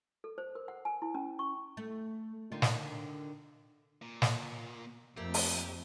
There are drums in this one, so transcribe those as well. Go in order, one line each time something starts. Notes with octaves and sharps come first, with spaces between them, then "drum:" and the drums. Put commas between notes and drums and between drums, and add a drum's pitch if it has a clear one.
A4
C5
A#4
F#5
G#5
E4
C#4
C#6
A3
D3 D#3 F4
drum: snare
A#2
drum: snare
F2 A3 A#3 C4 G4
drum: open hi-hat